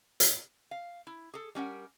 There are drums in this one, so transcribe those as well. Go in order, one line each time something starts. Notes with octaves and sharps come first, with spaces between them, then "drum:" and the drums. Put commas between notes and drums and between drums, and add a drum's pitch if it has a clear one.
drum: hi-hat
F5
E4
G#4 A4
G3 C#4 A#4 F#5